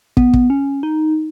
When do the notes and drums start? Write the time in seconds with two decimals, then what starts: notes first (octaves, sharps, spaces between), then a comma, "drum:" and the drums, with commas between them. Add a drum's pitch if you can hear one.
0.17 B3, drum: kick
0.33 drum: kick
0.50 C#4
0.83 D#4